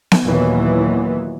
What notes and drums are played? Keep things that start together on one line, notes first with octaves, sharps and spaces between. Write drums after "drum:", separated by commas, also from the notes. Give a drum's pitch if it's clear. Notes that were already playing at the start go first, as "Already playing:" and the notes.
drum: snare B3
D#2 A#2 E3 F#3 B3